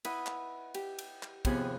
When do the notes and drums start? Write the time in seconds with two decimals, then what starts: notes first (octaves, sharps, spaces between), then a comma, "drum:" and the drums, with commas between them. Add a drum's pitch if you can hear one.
0.05 E4 B4 D#5 F#5, drum: cymbal
0.26 drum: clap
0.74 G4, drum: cymbal
0.99 drum: cymbal
1.23 drum: clap
1.45 D#2 C3 F3 B3 G#4 F#6, drum: kick, cymbal